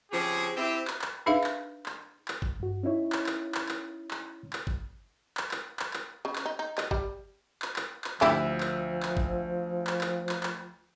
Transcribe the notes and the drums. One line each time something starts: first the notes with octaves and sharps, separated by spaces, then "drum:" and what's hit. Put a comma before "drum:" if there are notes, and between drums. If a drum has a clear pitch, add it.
C#3 F3 C4 G4 G#4
C4 E4 G4
drum: clap
drum: clap
D4 D#4 G#4 B4 E5 F5
drum: clap
drum: clap
drum: clap
drum: kick
G2 F#4
C#4 D#4 E4 C#5
drum: clap
drum: clap
drum: clap
drum: clap
drum: clap
drum: clap
drum: kick
drum: clap
drum: clap
drum: clap
drum: clap
C#3
drum: clap
D#4
D#4
D#5, drum: clap
G3, drum: kick
drum: clap
drum: clap
drum: clap
D2 F3 D4 E4 G4 E5, drum: clap
drum: clap
drum: clap
drum: kick
drum: clap
drum: clap
drum: clap
drum: clap